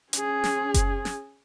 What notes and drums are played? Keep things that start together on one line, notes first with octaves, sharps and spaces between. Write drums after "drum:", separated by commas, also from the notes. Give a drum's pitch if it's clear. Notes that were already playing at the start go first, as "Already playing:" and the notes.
C#4 G#4, drum: hi-hat
drum: snare
drum: kick F#1, hi-hat
drum: snare